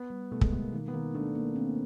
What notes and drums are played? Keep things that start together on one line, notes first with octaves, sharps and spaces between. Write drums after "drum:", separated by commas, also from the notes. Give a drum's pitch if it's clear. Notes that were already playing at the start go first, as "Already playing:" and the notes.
Already playing: B3
G3
B2 A3
G#3, drum: kick
B2 A3
A#3
D#3 A#3
B3
D#3 A#3
A3 D4
A#3
C4